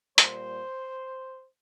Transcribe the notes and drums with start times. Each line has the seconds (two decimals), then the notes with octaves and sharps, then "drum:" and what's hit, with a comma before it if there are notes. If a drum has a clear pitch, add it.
0.18 A#2 G3 C5, drum: hi-hat